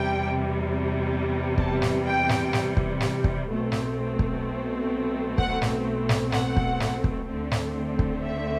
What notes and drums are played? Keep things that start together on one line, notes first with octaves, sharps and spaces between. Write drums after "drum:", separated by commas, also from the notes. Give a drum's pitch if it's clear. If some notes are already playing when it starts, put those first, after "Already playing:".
Already playing: E2 C3 G3 G5
A5, drum: kick
drum: snare
G5
drum: snare
drum: snare
drum: kick
drum: snare
drum: kick
B1 B2 A3 C4
drum: snare
drum: kick
F#5, drum: kick
drum: snare
drum: snare
F#5, drum: snare
drum: kick
drum: snare
drum: kick
D2 D3 A3 C4
drum: snare
drum: kick
E5